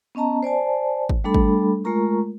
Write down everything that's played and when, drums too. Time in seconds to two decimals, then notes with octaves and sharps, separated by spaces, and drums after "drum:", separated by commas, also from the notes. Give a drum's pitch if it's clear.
0.15 B3 C#4 D#5 A5 A#5
0.43 C5 D5 G#5 A5
1.09 drum: kick G#1
1.24 G3 A3 D4 A4 B5
1.34 drum: kick G#1
1.84 G#3 A3 F4 A#4 A#5 C#6